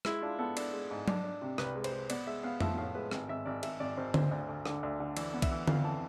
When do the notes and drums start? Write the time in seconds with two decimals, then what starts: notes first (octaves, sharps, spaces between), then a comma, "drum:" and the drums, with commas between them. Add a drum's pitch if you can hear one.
0.05 G#3 E4, drum: rim click
0.22 D4 F4
0.39 B3 A4
0.57 D4 A4, drum: cymbal
0.73 G#3
0.91 G#2
1.08 D4, drum: tom F#3
1.24 D4
1.42 C3
1.58 C2 B4, drum: rim click
1.76 G#3
1.84 C5, drum: cymbal
1.92 G#3
2.10 B3 D5, drum: cymbal
2.27 G#3 E5
2.43 B3 F5
2.60 F3 E5, drum: tom
2.78 A2 F5
2.95 G#3 B4
3.11 G#1, drum: rim click
3.29 G#1 E5
3.46 G#1 D5
3.63 G#1 E5, drum: cymbal
3.80 G#1 D5
3.97 G#1 C5
4.14 D2 C5, drum: tom D3
4.31 D2
4.49 D2
4.65 D3, drum: rim click
4.83 D2
5.00 D3
5.17 E3 D5, drum: cymbal
5.33 B3
5.42 E5, drum: kick, cymbal
5.51 E3
5.68 F2 F5, drum: tom D3
5.84 E3 A5